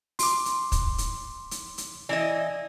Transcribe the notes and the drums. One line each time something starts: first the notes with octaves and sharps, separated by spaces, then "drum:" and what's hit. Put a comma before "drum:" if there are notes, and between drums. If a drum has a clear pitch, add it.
C6 D6, drum: open hi-hat
drum: hi-hat
drum: kick, hi-hat
drum: hi-hat
drum: hi-hat
drum: hi-hat
E3 E4 D5 D#5